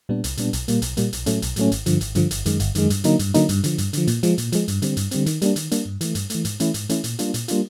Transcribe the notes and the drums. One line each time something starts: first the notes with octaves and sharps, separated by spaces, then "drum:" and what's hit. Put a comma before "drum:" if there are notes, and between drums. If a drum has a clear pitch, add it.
A#2 G3 B3 D4
C2, drum: hi-hat
A#2 G3 B3 D4, drum: hi-hat
B1, drum: hi-hat
A#2 G3 A#3, drum: hi-hat
B1, drum: hi-hat
A#2 G3 A#3, drum: hi-hat
B1, drum: hi-hat
A2 F#3 A3 C#4, drum: hi-hat
B1, drum: hi-hat
A2 F#3 A3 C#4, drum: hi-hat
G#1, drum: hi-hat
G2 D3 F3, drum: hi-hat
G#1, drum: hi-hat
G2 D3 F3, drum: hi-hat
G1, drum: hi-hat
F#2 D#3 G#3, drum: hi-hat
G1, drum: hi-hat
F#2 D#3 G#3, drum: hi-hat
G2, drum: hi-hat
D3 F#3 A#3 D#4, drum: hi-hat
G2, drum: hi-hat
D3 F#3 A#3 D#4, drum: hi-hat
G2, drum: hi-hat
D3 F3, drum: hi-hat
G2, drum: hi-hat
D3 F3, drum: hi-hat
A#2, drum: hi-hat
F3 G#3, drum: hi-hat
A#2, drum: hi-hat
F3 G#3, drum: hi-hat
G2, drum: hi-hat
D3 G3 C4, drum: hi-hat
G2, drum: hi-hat
D3 G3 C4, drum: hi-hat
D#3, drum: hi-hat
G3 A#3 D4, drum: hi-hat
D#3, drum: hi-hat
G3 A#3 D4, drum: hi-hat
G2
E3 A3, drum: hi-hat
G2, drum: hi-hat
E3 A3, drum: hi-hat
G#2, drum: hi-hat
E3 A3 C#4 E4, drum: hi-hat
G#2, drum: hi-hat
E3 A3 C#4 E4, drum: hi-hat
A#2, drum: hi-hat
G3 A#3 D4 F4, drum: hi-hat
A#2, drum: hi-hat
G3 A#3 D4 F4, drum: hi-hat